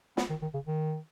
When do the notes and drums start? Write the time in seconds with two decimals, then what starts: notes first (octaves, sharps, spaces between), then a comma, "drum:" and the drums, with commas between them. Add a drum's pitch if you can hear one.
0.17 B3, drum: snare
0.30 D#3
0.42 D#3
0.54 C#3
0.67 D#3